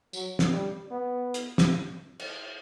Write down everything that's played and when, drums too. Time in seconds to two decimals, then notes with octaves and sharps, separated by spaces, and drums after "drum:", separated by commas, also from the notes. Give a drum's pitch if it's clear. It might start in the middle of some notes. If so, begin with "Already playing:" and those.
0.13 F#3, drum: tambourine
0.39 drum: snare
0.52 G3
0.91 B3
1.34 drum: hi-hat
1.58 drum: snare
2.19 drum: cymbal